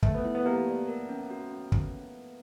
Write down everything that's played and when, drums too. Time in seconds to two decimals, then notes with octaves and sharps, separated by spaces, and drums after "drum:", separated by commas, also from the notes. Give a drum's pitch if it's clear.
0.03 A3 B4, drum: kick
0.14 B3
0.25 E4
0.35 B3
0.45 A#3 G4
0.67 D5
0.88 A#4
1.09 C#4
1.30 F#4
1.51 C#4
1.72 drum: kick